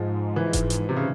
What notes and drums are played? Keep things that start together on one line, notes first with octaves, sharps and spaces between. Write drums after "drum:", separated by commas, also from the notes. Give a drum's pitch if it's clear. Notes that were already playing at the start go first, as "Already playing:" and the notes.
Already playing: G#2 F3
E3
drum: kick F1, hi-hat
drum: hi-hat
C3
C#3